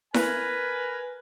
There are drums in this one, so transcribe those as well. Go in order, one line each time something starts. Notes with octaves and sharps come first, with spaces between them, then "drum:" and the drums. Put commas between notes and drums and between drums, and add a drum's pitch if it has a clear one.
A#4 B4 G#5, drum: snare E4